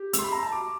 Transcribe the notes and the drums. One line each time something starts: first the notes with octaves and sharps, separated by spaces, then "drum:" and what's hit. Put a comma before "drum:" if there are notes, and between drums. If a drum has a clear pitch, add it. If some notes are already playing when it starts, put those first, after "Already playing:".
Already playing: G4
E6, drum: hi-hat
C6
B5
A#5
A5
F#4 D6